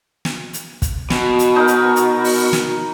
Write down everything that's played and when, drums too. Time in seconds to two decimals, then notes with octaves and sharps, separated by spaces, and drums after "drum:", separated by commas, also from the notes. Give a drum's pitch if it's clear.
0.25 drum: snare
0.53 drum: hi-hat
0.82 drum: kick, hi-hat
1.10 B2 F#4, drum: snare
1.39 drum: hi-hat
1.56 D#4 A#4
1.67 drum: hi-hat
1.96 drum: hi-hat
2.24 drum: open hi-hat
2.53 drum: snare